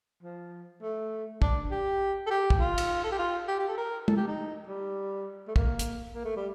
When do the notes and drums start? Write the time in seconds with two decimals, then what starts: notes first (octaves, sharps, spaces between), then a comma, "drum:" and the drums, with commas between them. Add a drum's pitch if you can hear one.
0.23 F3
0.83 A3
1.42 D4, drum: kick
1.71 G4
2.26 A4
2.30 G4
2.50 drum: kick
2.60 F4
2.78 drum: cymbal
3.04 A4
3.12 G4
3.19 F4
3.48 G4
3.59 G4
3.68 A4
3.78 A#4
4.08 A4, drum: tom
4.17 G4
4.27 D#4
4.67 G3
5.48 A3
5.56 A#3, drum: kick
5.79 drum: hi-hat
6.14 A#3
6.25 A3
6.36 G3